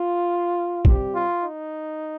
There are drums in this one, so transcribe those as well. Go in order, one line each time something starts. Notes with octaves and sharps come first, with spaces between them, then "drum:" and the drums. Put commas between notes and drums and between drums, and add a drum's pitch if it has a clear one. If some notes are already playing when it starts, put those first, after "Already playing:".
Already playing: F4
C3 G3 C4 G4, drum: kick
F4
D#4